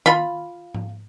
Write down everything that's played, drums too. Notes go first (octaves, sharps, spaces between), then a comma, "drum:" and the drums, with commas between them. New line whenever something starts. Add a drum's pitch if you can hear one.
F4 B5, drum: tom D#3
drum: tom G#2